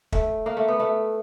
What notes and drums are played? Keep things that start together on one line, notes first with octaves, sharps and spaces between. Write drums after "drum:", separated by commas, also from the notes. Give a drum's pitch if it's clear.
A3, drum: kick
A#3
A3
B3
A3